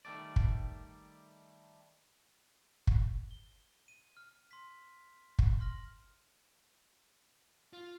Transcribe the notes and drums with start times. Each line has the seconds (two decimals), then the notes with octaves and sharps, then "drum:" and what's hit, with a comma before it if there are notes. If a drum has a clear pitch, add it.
0.05 D#3 G3 A3 D5
0.36 drum: kick
2.87 drum: kick
3.31 G7
3.88 D#7
4.17 F6
4.51 C6 B6
5.39 drum: kick
5.60 C6 F6 A#6 F#7
7.73 F4